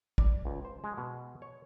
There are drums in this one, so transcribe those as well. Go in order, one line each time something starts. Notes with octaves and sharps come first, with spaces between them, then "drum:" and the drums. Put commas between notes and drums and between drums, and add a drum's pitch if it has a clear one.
D5, drum: kick
C#2
C5
G#3
B2
C#5